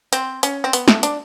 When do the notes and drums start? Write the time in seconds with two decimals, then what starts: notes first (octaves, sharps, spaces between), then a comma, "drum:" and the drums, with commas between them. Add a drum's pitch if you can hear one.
0.13 C4, drum: hi-hat
0.43 C#4, drum: hi-hat
0.64 C4
0.73 B3, drum: hi-hat
0.88 A3, drum: snare
1.03 D4, drum: hi-hat